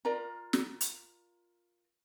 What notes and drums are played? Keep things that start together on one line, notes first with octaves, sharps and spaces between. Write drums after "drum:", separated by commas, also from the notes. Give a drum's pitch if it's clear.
F4 A#4 D5 A#5
drum: snare
drum: hi-hat